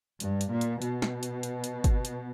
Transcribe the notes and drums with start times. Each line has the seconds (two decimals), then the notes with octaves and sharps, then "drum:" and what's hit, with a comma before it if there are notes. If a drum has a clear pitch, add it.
0.20 G2, drum: hi-hat
0.41 drum: hi-hat
0.51 A#2
0.61 drum: hi-hat
0.82 B2, drum: hi-hat
1.02 drum: snare
1.23 drum: hi-hat
1.43 drum: hi-hat
1.64 drum: hi-hat
1.84 drum: kick G1, hi-hat
2.05 drum: hi-hat